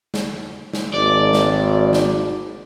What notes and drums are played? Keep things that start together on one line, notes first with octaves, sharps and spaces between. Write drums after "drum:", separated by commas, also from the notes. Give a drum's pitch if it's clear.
drum: snare
drum: snare
G#1 D5
drum: snare
drum: snare